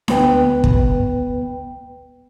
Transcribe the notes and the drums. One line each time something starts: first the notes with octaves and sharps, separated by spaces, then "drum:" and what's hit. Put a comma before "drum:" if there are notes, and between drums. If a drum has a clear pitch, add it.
D2 B3 B4 G5, drum: snare D4
drum: kick